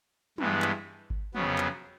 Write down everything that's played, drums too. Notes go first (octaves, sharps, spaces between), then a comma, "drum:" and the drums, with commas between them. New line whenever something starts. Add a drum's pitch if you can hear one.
G2 E3 G#3 B3, drum: tom
drum: clap
drum: kick G1
F2 C#3 F#3 B3, drum: tom
drum: clap